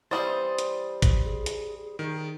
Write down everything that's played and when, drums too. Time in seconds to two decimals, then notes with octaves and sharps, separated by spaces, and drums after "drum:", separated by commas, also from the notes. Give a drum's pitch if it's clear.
0.11 E3 G3 C4 C5 D#6 A6
0.58 drum: hi-hat
1.02 drum: kick, hi-hat
1.24 G#4
1.46 drum: hi-hat
1.99 D#3